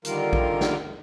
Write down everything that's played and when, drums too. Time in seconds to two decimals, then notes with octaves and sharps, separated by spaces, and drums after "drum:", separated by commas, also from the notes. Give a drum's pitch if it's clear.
0.05 D3 D#3 G3 F4 A#4, drum: hi-hat
0.33 drum: kick A#1
0.61 drum: snare